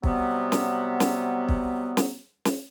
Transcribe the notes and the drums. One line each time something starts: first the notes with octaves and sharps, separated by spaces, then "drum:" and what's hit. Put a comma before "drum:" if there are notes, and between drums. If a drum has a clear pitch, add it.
C3 F#3 G3 B3, drum: kick
drum: snare
drum: snare
drum: kick
drum: snare
drum: snare